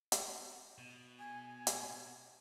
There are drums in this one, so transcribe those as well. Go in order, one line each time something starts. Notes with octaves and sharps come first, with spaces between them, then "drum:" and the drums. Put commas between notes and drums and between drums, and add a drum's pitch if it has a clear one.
drum: hi-hat
B2
G#5
drum: hi-hat